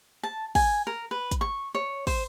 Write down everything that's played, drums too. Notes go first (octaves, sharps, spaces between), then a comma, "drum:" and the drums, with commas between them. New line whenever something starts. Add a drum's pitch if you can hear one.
A5
G#5, drum: kick, open hi-hat
A#4
B4
drum: kick, hi-hat
C#6
C#5
C5, drum: kick, open hi-hat